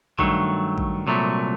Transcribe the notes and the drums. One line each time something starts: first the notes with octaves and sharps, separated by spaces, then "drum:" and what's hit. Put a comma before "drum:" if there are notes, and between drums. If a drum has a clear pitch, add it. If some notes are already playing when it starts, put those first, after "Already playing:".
G2 D#3 F#3 A3, drum: kick A1
drum: kick A1
C2 A#2 F#3 A3